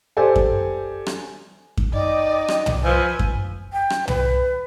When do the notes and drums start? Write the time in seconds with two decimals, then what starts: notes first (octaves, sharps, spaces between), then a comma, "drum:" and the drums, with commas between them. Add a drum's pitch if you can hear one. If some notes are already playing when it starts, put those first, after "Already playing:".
0.17 G4 A4 C5 D5 G#5
0.36 drum: kick F#2
1.06 drum: rim click
1.77 drum: kick F#2
1.93 D#4 D5 D#5 G5
2.48 drum: rim click
2.66 drum: tom
2.84 F3 B4 G#5 E6
3.19 drum: kick F#2
3.73 G5
3.90 drum: rim click
4.08 B4, drum: tom